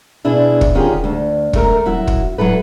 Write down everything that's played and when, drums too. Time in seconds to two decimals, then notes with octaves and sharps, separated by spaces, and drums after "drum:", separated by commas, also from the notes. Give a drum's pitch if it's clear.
0.25 B2 D4 E4 G#4
0.61 drum: kick
0.75 D3 D#3 C#4 F4 G4 G#4
1.04 D2
1.53 D#2 A3 A#4, drum: kick
1.86 F#2 E4 F#4 E5
2.07 drum: kick
2.38 F#3 E4 A4 B4